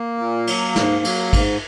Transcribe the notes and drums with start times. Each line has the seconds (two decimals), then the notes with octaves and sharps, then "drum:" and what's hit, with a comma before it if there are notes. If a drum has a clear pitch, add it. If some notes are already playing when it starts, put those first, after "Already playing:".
Already playing: A#3
0.18 A#2
0.47 F#3, drum: cymbal
0.76 G#2, drum: snare
1.04 F#3, drum: cymbal
1.33 G#2, drum: kick, cymbal